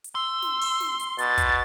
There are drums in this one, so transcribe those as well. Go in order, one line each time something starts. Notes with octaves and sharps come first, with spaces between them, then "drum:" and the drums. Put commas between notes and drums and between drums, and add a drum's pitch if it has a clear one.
drum: hi-hat
C6 E6
drum: snare
drum: open hi-hat
drum: snare
drum: hi-hat
B2 A6, drum: hi-hat
drum: kick, hi-hat